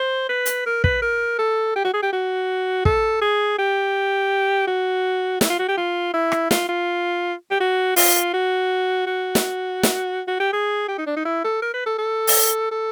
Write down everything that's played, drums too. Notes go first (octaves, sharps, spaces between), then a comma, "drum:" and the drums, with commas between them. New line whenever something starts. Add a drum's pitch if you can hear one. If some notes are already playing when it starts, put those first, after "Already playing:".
Already playing: C5
B4
drum: hi-hat
A#4
B4, drum: kick
A#4
A4
G4
F#4
G#4
G4
F#4
A4, drum: kick
G#4
G4
F#4
E4, drum: snare
F4
F#4
G4
F4
E4
drum: rim click
F4, drum: snare
F4
G4
F#4
F4, drum: open hi-hat
F#4
F#4
drum: snare
drum: snare
F#4
G4
G#4
G4
D#4
D4
D#4
E4
A4
A#4
B4
A4
A4
drum: open hi-hat
A4